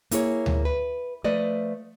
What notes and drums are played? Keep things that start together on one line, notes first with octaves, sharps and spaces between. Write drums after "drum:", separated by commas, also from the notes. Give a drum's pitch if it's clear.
A#3 E4 G#4 C#5, drum: hi-hat
drum: tom D2
B4
F3 A3 B4 D5 D#5